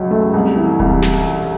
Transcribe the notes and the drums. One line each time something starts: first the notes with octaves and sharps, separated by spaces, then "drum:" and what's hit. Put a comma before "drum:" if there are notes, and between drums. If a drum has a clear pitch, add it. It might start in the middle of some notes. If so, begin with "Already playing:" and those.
Already playing: C#2 F#3
A3
C2
E3
C2, drum: kick D#1
drum: snare